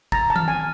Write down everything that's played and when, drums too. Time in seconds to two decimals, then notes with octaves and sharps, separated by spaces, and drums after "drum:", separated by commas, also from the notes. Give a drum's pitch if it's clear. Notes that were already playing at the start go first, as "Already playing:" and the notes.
0.12 A#5 A6, drum: kick
0.30 A5
0.36 F6, drum: tom D#3
0.48 G#5